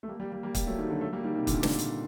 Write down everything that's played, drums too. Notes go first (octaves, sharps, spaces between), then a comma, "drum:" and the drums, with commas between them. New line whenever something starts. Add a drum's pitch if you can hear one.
A3
G3 A#3
G3 A#3
G3 A#3
G3 A#3
G3 A#3, drum: kick, hi-hat
F#3 A3
D#3 G3
D3 F#3
F#3 A3
G3 A#3
D#3 G3
C3 D#3
A#2 D3, drum: kick, hi-hat
drum: snare
drum: hi-hat